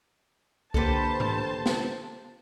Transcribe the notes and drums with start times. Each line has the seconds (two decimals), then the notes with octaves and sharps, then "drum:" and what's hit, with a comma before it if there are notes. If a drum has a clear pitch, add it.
0.74 D3 A#3 G4 A4 B4 C5 A5, drum: kick C2
1.20 drum: tom G#2
1.66 drum: snare